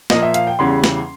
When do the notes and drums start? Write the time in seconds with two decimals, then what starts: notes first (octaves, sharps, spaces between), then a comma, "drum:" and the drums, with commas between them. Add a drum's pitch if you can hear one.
0.10 A#2 F3 A#3 D#5, drum: snare
0.22 E5
0.34 F5, drum: hi-hat
0.47 G5
0.59 E2 C#3 E3 G3 C6
0.84 drum: snare